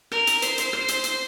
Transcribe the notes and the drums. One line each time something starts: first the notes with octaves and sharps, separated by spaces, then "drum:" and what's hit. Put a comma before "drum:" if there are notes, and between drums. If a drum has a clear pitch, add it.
A#4, drum: rim click
drum: hi-hat
C5, drum: hi-hat
drum: hi-hat
drum: rim click
drum: hi-hat
drum: hi-hat